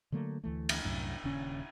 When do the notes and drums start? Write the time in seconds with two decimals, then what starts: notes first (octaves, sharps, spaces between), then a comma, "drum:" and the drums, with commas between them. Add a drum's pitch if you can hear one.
0.12 D3 F#3 A3 A#3
0.44 D2 E3 A3
0.69 drum: cymbal
0.84 C2 F#2 A2
1.24 D#1 D#2 C#3 C#4